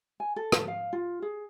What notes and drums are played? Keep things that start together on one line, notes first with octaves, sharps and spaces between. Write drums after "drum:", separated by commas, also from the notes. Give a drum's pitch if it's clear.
G#5
A4
drum: rim click
F5
F4
G#4